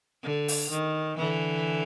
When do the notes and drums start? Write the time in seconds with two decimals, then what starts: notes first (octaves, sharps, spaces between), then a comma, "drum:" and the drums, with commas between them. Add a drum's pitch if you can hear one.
0.23 D3
0.48 drum: open hi-hat
0.70 D#3
1.18 D3 E3